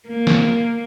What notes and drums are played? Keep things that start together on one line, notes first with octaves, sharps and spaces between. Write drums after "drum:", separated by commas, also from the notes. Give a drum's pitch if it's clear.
A#3
drum: snare